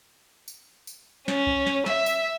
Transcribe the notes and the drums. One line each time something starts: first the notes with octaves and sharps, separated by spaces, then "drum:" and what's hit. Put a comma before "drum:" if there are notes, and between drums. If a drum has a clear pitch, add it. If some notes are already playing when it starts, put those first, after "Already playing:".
drum: tambourine
drum: tambourine
C#4, drum: snare
drum: kick C2
drum: snare
E5, drum: snare
drum: tambourine